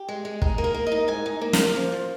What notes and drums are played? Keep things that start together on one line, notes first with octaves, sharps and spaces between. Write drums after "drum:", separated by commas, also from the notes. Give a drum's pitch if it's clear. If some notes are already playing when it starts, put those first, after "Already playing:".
Already playing: G4
G#3
G#3
D#4, drum: kick
A#3
A#4
A#3
D#5
D#4
G#2 G#5
D#4
A#3
F5, drum: snare
A#3
F3
F3